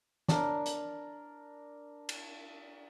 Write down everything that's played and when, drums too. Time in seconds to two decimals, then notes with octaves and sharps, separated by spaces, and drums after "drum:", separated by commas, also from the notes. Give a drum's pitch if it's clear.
0.28 D4 A#4, drum: snare
0.66 drum: hi-hat
2.09 drum: cymbal